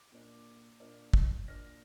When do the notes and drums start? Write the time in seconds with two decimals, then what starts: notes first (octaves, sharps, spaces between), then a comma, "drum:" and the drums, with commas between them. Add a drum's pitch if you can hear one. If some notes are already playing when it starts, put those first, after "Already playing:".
Already playing: D6
0.12 A#2 A#3 D4
0.80 A#2 A#3 D4
1.14 drum: kick
1.48 A#2 A#3 D4 F6 A#6